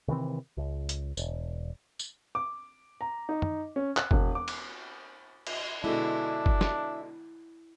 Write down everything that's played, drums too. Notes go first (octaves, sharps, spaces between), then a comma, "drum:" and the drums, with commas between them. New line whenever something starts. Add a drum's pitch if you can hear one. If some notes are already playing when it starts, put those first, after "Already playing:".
C3 D#3 E3 C4
C#2
drum: hi-hat
E1, drum: tambourine
drum: tambourine
D6
A#5
D#4
drum: tom
C#4
F#6, drum: clap
E1, drum: kick F#1
D6
drum: cymbal
drum: cymbal
B2 D3 G#3 D4 E4
drum: kick F#1
drum: snare